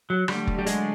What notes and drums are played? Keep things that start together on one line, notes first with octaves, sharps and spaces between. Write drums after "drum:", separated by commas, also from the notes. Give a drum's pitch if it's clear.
F#3
D3 F#3 G3 A3, drum: rim click
drum: kick F1
G3
G#3, drum: hi-hat